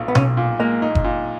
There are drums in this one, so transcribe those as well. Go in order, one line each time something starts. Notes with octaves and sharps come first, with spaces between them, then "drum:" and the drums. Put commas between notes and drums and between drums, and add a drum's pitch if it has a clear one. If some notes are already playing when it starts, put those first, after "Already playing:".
Already playing: B1 A#2
B3
B1 C#4, drum: tom B2
A#2
G#3 A#3
D#4
drum: kick F#1
A#2